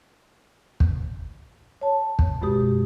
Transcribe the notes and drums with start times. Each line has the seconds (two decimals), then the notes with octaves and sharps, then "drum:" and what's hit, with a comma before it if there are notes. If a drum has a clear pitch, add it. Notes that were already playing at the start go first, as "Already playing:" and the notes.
0.80 drum: kick
1.81 C#5 A5
2.19 drum: kick
2.42 F#2 B2 G#3 G4 D#6